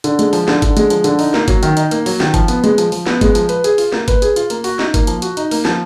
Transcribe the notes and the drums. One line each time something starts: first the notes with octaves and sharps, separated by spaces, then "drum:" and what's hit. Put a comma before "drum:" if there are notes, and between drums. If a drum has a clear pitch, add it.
D3, drum: hi-hat
G#3, drum: hi-hat
F3, drum: open hi-hat
D3, drum: snare
D3, drum: kick G1, hi-hat
G#3, drum: hi-hat
F3, drum: hi-hat
D3, drum: hi-hat
D#4, drum: open hi-hat
A#3, drum: snare
F#3, drum: kick G1, hi-hat
D#3, drum: hi-hat
D#4, drum: hi-hat
A#3, drum: hi-hat
F#3, drum: open hi-hat
D#3, drum: snare
F3, drum: kick G1, hi-hat
B3, drum: hi-hat
G#3, drum: hi-hat
F3, drum: hi-hat
F3, drum: open hi-hat
B3, drum: snare
G#3, drum: kick G1, hi-hat
F3, drum: hi-hat
B4, drum: hi-hat
G#4, drum: hi-hat
F4, drum: open hi-hat
A#3, drum: snare
B4, drum: kick G1, hi-hat
G#4, drum: hi-hat
F4, drum: hi-hat
A#3, drum: hi-hat
F#4, drum: open hi-hat
D#4, drum: snare
A#3, drum: kick G1, hi-hat
F3, drum: hi-hat
F#4, drum: hi-hat
D#4, drum: hi-hat
A#3, drum: open hi-hat
F3, drum: snare